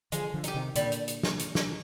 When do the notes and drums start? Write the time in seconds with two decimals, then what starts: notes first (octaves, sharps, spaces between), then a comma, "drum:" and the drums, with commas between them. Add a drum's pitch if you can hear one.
0.12 D3 F3 G#3, drum: hi-hat
0.34 D3 F3
0.44 D#4 G4, drum: hi-hat
0.54 C3 D#3
0.75 A#2 D3 G3, drum: hi-hat
0.92 drum: hi-hat
1.08 drum: hi-hat
1.23 drum: snare
1.39 drum: hi-hat
1.55 drum: snare